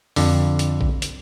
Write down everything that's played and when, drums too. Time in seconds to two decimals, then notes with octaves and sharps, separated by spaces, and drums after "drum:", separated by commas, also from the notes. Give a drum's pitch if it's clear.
0.16 F2 D3, drum: open hi-hat
0.59 drum: hi-hat
0.81 drum: kick A#1
1.02 drum: hi-hat